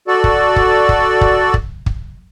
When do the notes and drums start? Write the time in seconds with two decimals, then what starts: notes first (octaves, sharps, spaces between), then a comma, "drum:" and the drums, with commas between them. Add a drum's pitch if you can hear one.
0.08 F#4 A4 D5
0.24 drum: kick
0.56 drum: kick
0.89 drum: kick
1.21 drum: kick
1.54 drum: kick
1.86 drum: kick